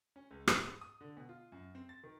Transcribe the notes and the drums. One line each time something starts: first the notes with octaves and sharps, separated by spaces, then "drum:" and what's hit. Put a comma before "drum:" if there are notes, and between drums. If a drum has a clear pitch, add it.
C#4
C#2
G#2, drum: rim click
D#6
D#6
D3
B2
F4
F#2
C4
A6
D#3